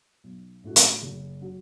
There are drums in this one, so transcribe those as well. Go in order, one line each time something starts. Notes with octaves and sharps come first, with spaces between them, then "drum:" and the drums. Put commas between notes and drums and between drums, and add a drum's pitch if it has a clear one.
B1
A2 A3 D4 F#4
drum: hi-hat
F#1
F#3